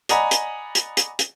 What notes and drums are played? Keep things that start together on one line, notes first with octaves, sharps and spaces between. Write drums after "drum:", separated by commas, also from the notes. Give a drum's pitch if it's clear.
D5 D#5 F#5 G#5 A#5 B5, drum: hi-hat
drum: hi-hat
drum: hi-hat
drum: hi-hat
drum: hi-hat